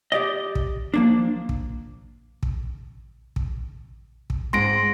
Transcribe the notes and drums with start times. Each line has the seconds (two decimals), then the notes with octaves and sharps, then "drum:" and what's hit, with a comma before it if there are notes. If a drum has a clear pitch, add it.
0.12 G4 D5 D#5
0.55 drum: kick
0.94 F3 A#3 D4
1.49 drum: kick
2.43 drum: kick
3.36 drum: kick
4.30 drum: kick
4.53 G#2 C4 C6 A#6 D7